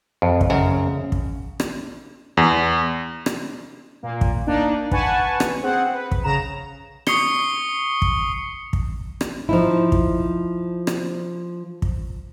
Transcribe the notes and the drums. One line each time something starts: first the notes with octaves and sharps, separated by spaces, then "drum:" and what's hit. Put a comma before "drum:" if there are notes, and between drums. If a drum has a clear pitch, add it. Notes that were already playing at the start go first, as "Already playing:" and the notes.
F2
drum: kick
F#2 C#3
drum: kick
drum: rim click
E2
drum: rim click
A#2 A#3
drum: kick
A#3 D4 D#4 D5
B4 F#5 G#5 A5 C#6, drum: kick
drum: rim click
C4 G#4 F#5
B4
drum: kick
C#3 A#5 E7
C#6 D#6 C7 C#7 G7, drum: rim click
drum: kick
drum: kick
drum: rim click
F3 D#4 E4
drum: kick
drum: rim click
drum: kick